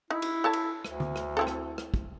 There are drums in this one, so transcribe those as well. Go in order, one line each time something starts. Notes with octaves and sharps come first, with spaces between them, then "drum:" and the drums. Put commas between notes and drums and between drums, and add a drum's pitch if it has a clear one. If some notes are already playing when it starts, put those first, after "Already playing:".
D#4 E4
drum: cymbal
A4 C#5 A5
drum: cymbal
D2, drum: rim click
drum: tom D3
drum: rim click
C4 E4 A4
drum: rim click
drum: rim click
drum: kick